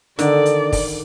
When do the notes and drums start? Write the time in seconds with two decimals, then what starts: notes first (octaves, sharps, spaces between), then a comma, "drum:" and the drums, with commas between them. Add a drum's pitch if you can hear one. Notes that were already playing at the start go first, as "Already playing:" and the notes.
0.19 D3 D#3 D5, drum: hi-hat
0.46 drum: hi-hat
0.72 drum: kick, open hi-hat